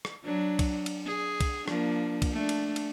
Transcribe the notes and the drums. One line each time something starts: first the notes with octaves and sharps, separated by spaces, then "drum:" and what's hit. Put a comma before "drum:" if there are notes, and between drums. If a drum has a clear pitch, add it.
drum: rim click
F#3 D4
drum: kick, cymbal
drum: cymbal
G#4
drum: kick, cymbal
F3 A#3 D4, drum: rim click
drum: kick, cymbal
A3 D4
drum: cymbal
drum: cymbal